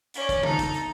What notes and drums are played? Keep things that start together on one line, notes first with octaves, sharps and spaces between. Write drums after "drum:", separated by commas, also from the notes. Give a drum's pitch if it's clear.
C#4 D5, drum: hi-hat
drum: kick, hi-hat
D#4 A4, drum: tom C#3
drum: kick, hi-hat
drum: hi-hat